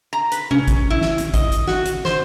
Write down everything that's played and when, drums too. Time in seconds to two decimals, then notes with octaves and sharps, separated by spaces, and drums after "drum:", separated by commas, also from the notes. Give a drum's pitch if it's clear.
0.13 A#5
0.32 B4, drum: hi-hat
0.51 C#4, drum: tom C3
0.68 drum: kick, hi-hat
0.90 E4
1.01 drum: snare
1.18 drum: hi-hat
1.34 D#5, drum: kick, hi-hat
1.52 drum: hi-hat
1.67 F#4, drum: snare
1.86 drum: hi-hat
2.05 C5, drum: snare